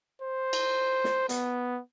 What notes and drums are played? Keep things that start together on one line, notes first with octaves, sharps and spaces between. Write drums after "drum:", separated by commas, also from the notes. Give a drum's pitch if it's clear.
C5
drum: cymbal
drum: snare
B3, drum: hi-hat